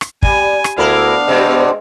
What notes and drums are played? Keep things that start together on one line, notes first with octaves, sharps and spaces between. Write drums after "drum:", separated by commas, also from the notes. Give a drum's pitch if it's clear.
drum: rim click
G3 G#5, drum: kick
drum: rim click
D2 B3 D4 E4 A#4 D5 F5
G2 B2 G#3 C4